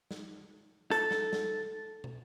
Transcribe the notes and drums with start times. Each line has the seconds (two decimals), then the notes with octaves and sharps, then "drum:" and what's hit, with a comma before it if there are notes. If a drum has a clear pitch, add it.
0.11 drum: snare
0.91 A4, drum: hi-hat
1.11 drum: snare
1.33 drum: snare
2.04 drum: tom